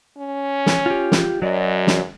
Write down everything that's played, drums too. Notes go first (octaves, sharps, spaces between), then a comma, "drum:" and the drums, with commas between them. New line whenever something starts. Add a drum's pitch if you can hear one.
C#4
drum: snare
F4 G4
drum: snare
F#2 F#3 D5 D#5
drum: snare